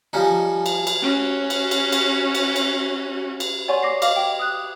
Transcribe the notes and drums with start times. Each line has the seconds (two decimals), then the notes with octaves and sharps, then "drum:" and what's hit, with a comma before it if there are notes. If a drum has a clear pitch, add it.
0.13 F3 G3 C#4 D#4
0.66 drum: cymbal
0.87 drum: cymbal
1.02 C#4 F#4
1.50 drum: cymbal
1.71 drum: cymbal
1.92 drum: cymbal
2.35 drum: cymbal
2.56 drum: cymbal
3.40 drum: cymbal
3.68 C#5 D5 F#5 G#5 C6 C#6
3.82 D6 A#6 C7
4.02 D#5 F5 D6 F6, drum: cymbal
4.16 G5
4.39 D#6 F#6